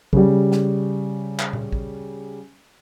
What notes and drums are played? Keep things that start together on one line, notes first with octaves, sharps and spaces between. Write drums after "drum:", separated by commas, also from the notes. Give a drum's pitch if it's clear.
C#3 G3, drum: kick
drum: snare
drum: clap
drum: tom A#2
drum: kick